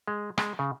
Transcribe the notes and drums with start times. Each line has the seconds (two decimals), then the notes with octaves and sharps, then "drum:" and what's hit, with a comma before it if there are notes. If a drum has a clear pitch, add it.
0.08 G#3
0.38 G#3, drum: rim click
0.59 C#3